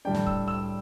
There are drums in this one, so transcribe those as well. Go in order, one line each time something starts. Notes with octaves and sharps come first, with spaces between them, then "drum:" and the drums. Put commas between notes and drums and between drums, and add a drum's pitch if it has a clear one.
A2 G3 D4 G5
drum: snare
E6, drum: kick
E6